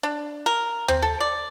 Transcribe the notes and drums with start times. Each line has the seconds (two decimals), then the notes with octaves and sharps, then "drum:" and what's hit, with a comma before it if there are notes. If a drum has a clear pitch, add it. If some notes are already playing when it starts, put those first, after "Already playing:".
0.03 D4
0.46 A#4
0.88 C4, drum: tom D#2
1.02 A4
1.20 D5